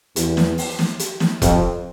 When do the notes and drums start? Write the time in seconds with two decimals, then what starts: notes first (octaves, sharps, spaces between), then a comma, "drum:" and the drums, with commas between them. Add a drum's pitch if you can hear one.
0.16 E2, drum: hi-hat
0.37 drum: snare
0.58 drum: open hi-hat
0.79 drum: snare
0.99 drum: hi-hat
1.20 drum: snare
1.42 F2, drum: kick E1, hi-hat